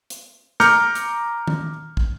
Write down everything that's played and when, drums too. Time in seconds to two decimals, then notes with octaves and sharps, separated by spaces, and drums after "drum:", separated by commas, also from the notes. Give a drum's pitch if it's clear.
0.10 drum: hi-hat
0.60 A#5 D6 F6 G6 C#7, drum: snare
0.95 drum: hi-hat
1.47 drum: tom D#3
1.97 drum: kick